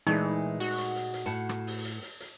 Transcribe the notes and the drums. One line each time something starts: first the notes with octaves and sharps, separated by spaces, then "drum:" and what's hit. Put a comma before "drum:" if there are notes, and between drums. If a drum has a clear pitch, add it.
A#2 E3 G#3 A3 D#4
F#4, drum: open hi-hat
drum: hi-hat
drum: hi-hat
drum: hi-hat
A2 F#5 A5
drum: rim click
drum: open hi-hat
drum: hi-hat
drum: hi-hat
drum: hi-hat